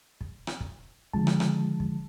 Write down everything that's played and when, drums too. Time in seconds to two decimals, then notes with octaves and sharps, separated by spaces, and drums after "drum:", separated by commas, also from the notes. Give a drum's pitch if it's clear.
0.21 drum: kick
0.47 drum: rim click
0.60 drum: kick
1.13 D3 D#3 F3 G#3 A5, drum: kick
1.27 drum: rim click
1.40 drum: rim click
1.80 drum: kick